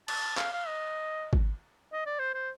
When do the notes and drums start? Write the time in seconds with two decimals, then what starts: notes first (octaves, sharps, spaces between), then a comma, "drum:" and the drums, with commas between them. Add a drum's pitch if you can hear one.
0.08 A5, drum: cymbal
0.37 F5, drum: clap
0.53 F5
0.68 D#5
1.33 drum: kick G#1
1.93 D#5
2.06 D5
2.19 C5
2.34 C5